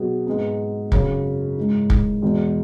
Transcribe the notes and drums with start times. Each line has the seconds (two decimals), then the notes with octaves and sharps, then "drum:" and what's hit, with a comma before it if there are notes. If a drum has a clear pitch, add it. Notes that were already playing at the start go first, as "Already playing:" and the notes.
Already playing: B2 F#3 B3 G#4
0.27 G#2 G#3 B3
0.92 F#2 C#3 F#3, drum: kick
1.58 G#2 G#3 E4
1.90 drum: kick
2.22 E2 B2 G#3 B3